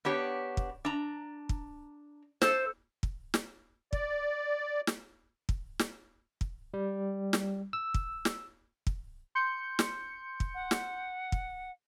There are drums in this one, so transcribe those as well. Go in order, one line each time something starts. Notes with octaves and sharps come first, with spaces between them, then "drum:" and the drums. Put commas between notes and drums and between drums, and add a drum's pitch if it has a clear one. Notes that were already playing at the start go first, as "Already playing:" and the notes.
B3 D4 G4 C#5
drum: kick
D4 A#5
drum: kick
A4 C5, drum: snare
drum: kick
drum: snare
D5, drum: kick
drum: snare
drum: kick
drum: snare
drum: kick
G3
drum: snare
E6
drum: kick
drum: snare
drum: kick
C6 G6 C#7
drum: snare
drum: kick
F#5
drum: snare
drum: kick